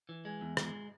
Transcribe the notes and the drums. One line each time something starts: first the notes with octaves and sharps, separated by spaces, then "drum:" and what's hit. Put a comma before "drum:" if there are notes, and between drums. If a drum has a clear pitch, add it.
E3
G#3
E2
G#3, drum: rim click